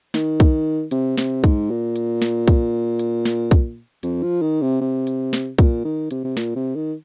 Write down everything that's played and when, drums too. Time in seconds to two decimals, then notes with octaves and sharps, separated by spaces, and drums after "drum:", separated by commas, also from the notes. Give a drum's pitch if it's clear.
0.14 D#3, drum: snare
0.40 drum: kick, hi-hat
0.91 C3, drum: hi-hat
1.17 C3, drum: snare
1.44 G#2, drum: kick, hi-hat
1.70 A#2
1.96 drum: hi-hat
2.22 drum: snare
2.48 drum: kick, hi-hat
2.99 drum: hi-hat
3.25 drum: snare
3.51 drum: kick, hi-hat
4.03 F2, drum: hi-hat
4.23 F3
4.42 D#3
4.62 C3
4.81 C3
5.07 drum: hi-hat
5.33 drum: snare
5.59 A#2, drum: kick, hi-hat
5.84 D#3
6.11 C3, drum: hi-hat
6.24 C3
6.37 A#2, drum: snare
6.56 C3
6.75 D#3